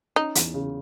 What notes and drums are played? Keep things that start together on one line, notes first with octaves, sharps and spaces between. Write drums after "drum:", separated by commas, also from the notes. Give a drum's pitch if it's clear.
C#4 D#4
E2, drum: hi-hat
C#3